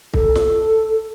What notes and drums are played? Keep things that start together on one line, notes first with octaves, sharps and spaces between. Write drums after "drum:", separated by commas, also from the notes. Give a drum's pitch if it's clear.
A4, drum: kick
drum: snare